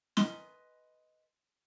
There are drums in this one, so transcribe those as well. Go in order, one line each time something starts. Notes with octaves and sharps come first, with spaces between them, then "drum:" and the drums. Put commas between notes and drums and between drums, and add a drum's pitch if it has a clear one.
B4 D#5 G#5 C6, drum: snare